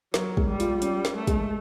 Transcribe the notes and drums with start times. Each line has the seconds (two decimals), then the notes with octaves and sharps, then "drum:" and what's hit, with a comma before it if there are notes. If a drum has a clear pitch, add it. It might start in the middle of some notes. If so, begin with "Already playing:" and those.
0.14 F#3 A#4, drum: snare
0.37 G#3, drum: kick
0.48 G3
0.60 F4, drum: hi-hat
0.82 G3 C#4, drum: hi-hat
1.05 A#4, drum: snare
1.16 A3
1.27 G#3, drum: kick, hi-hat